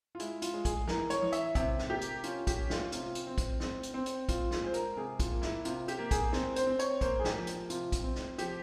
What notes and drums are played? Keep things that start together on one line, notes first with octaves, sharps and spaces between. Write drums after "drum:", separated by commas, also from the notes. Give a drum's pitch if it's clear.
F4
G#3 E4, drum: hi-hat
F4, drum: hi-hat
G#3
G#4, drum: kick, hi-hat
E3 A#4, drum: snare
C#5, drum: hi-hat
E3
E5, drum: hi-hat
C3 E5, drum: kick, hi-hat
drum: snare
A#3 G4
drum: hi-hat
C#4 F4, drum: hi-hat
G4, drum: kick, hi-hat
C#4
F4, drum: snare
C3 F4, drum: hi-hat
drum: hi-hat
C4
drum: kick, hi-hat
C4, drum: snare
drum: hi-hat
C4
drum: hi-hat
A#2 F4, drum: kick, hi-hat
F4, drum: snare
G#3 C5
A#4, drum: hi-hat
C3 G#4
F4, drum: kick, hi-hat
A#3
E4, drum: snare
C3 F4, drum: hi-hat
G4, drum: hi-hat
A#3
G#4, drum: kick, hi-hat
C4, drum: snare
C5, drum: hi-hat
C4
C#5, drum: hi-hat
A#3 C5, drum: kick, hi-hat
G#4
G4, drum: snare
F3
drum: hi-hat
C3 F4, drum: hi-hat
drum: kick, hi-hat
C4
drum: snare
F3 G4, drum: hi-hat